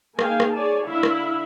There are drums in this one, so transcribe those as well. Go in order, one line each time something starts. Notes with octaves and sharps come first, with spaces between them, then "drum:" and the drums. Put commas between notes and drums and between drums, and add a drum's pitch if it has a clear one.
A#3 D#4 G#4 F5 G5 G#5, drum: rim click
drum: rim click
G#4 C#5 D5 G#5 A5
D3 E4 E5 F5 B5
drum: rim click